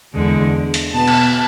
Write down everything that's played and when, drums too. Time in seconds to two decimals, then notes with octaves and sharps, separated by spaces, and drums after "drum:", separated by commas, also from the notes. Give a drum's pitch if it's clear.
0.14 E2 D3 G#3
0.74 drum: hi-hat
0.91 B2 B3 A5
1.07 drum: cymbal